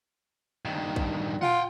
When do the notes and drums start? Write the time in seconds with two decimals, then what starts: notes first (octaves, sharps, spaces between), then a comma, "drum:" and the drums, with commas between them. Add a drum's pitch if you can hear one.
0.65 G2 D#3
0.96 drum: kick
1.42 F4 F#5 G5, drum: tom A#2